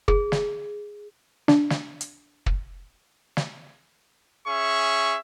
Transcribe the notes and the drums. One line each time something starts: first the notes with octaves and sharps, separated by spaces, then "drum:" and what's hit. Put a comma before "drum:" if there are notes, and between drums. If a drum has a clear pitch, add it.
G#4, drum: kick
drum: snare
D4, drum: snare
drum: snare
drum: hi-hat
drum: kick
drum: snare
C#4 G#4 E5 C#6